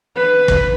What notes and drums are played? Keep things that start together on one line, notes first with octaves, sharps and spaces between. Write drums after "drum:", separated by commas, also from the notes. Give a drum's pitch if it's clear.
B4
drum: kick